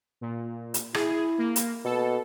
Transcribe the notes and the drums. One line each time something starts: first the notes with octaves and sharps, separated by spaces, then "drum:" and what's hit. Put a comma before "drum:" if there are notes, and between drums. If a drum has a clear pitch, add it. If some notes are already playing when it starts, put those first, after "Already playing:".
A#2
drum: hi-hat
E4 G#4, drum: rim click
A#3
drum: hi-hat
B2 A4